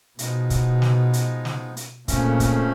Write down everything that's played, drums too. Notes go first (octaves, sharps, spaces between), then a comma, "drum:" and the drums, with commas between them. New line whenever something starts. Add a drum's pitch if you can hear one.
B2 F3 G#3 B3 D#4, drum: hi-hat
drum: kick, hi-hat
drum: snare
drum: hi-hat
drum: snare
drum: hi-hat
F2 A#2 C#3 F3 A3 C#4, drum: kick, hi-hat
drum: kick, hi-hat